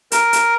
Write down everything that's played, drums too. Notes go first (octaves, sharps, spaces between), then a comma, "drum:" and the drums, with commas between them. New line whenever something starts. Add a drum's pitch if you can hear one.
A#4, drum: hi-hat
drum: hi-hat